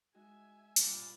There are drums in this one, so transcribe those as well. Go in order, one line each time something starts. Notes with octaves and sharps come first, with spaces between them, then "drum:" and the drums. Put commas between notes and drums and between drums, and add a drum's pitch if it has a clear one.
G#3 D#4 F#4 E5 G#5
G3 F4 B4 D5, drum: hi-hat